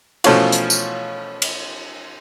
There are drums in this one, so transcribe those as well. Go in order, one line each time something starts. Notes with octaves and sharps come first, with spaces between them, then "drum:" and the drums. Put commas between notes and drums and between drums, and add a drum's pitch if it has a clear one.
B2 E3 F3 A3 C#4 F4, drum: cymbal
drum: hi-hat
drum: tambourine
drum: cymbal